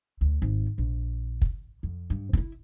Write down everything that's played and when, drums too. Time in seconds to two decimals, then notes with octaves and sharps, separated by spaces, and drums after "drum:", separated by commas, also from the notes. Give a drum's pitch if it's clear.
0.21 D2
0.42 G#1
0.78 A#1
1.42 drum: kick
1.83 F2
2.10 G2
2.33 C4 E4, drum: kick